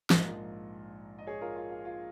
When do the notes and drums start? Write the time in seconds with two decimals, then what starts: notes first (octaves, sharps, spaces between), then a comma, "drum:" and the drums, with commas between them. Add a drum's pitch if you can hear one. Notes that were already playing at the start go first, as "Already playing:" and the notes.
0.10 A#1 G#2 F3 A#4 D#5, drum: snare
1.18 D#5
1.27 G#4 C#5
1.41 F4 A#4
1.56 F4
1.71 F4
1.85 F4